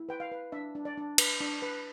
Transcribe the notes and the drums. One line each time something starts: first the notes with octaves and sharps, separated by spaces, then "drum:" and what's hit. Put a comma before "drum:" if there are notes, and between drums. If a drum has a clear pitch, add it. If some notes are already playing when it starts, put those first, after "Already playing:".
Already playing: E4
B4 G5
F5
B4
D4 E5
D4
D5
D4
B4, drum: cymbal
D4
B4